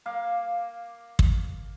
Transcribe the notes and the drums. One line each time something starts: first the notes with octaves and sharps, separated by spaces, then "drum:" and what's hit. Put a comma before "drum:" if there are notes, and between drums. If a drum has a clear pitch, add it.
A#3 F5
drum: kick